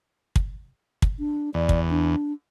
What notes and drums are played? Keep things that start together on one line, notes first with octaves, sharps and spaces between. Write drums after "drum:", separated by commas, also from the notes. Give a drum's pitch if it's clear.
drum: kick
drum: kick
D4
E2 D5
drum: kick
D4